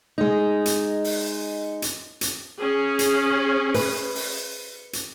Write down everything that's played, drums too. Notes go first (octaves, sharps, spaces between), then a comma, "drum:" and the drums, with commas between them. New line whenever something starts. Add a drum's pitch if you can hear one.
G#3 D#4
drum: hi-hat
drum: open hi-hat
drum: hi-hat
drum: hi-hat
C#4 G#4
drum: hi-hat
B4, drum: open hi-hat
drum: open hi-hat
drum: hi-hat